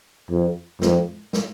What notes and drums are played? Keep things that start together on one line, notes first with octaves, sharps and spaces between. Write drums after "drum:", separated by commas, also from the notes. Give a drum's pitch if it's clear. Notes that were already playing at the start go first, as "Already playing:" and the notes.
F2
F2, drum: snare
drum: snare